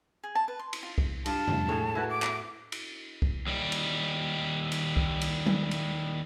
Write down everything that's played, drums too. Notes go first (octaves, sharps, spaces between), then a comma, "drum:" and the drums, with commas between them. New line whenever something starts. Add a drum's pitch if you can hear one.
G#4
A5
B4
C6
drum: cymbal
F4
drum: kick C2
G2 F4 A5, drum: cymbal
drum: tom
A2 G#4 C#5
E4 F#4 B4
D6
drum: clap
drum: cymbal
drum: kick C2
D#2 G3
drum: cymbal
drum: cymbal
drum: kick C2
drum: cymbal
drum: tom F#3
drum: cymbal